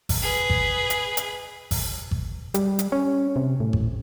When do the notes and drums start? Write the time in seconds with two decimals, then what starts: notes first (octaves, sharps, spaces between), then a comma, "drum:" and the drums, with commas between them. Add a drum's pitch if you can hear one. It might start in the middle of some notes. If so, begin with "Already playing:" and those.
0.09 drum: kick G#1, open hi-hat
0.22 G#4 B4
0.50 drum: kick G#1
0.90 drum: hi-hat
1.17 drum: hi-hat
1.71 drum: kick G#1, open hi-hat
2.11 drum: kick G#1
2.54 G3, drum: hi-hat
2.79 drum: hi-hat
2.92 C#4
3.36 C3
3.60 A2
3.73 drum: kick G#1